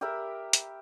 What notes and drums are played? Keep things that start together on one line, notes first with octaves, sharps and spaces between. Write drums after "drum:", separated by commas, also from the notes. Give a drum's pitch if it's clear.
G4 A#4 E5 B5
drum: hi-hat